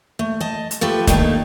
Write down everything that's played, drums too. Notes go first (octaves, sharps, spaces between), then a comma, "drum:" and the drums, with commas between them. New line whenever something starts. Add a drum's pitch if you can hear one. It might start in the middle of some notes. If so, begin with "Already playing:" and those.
A3
D#5 A5
drum: hi-hat
F3 A3 G4 A4 B4
D#3 G3 A3 A#3 D4 D#4, drum: kick, hi-hat